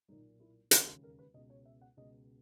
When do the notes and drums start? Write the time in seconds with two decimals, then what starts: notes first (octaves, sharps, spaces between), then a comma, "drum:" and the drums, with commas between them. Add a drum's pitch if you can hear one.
0.09 B1 A#2 D#4
0.40 E4
0.71 E1 D#2 C#3 F#4, drum: hi-hat
0.87 F#4
1.03 A#4
1.19 B4
1.34 C#2 B2 D#5
1.50 C#5
1.65 E5
1.81 F#5
1.97 C#2 B2 D#5